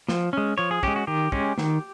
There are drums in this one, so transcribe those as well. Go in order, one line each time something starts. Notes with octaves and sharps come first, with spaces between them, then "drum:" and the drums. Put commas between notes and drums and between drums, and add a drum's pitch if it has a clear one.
F3, drum: snare
G#3 C#4
F3 C#5
G#4
G#3 C#4 G4, drum: kick
F#4
D#3 G4
G#3 C#4, drum: kick
D#3, drum: snare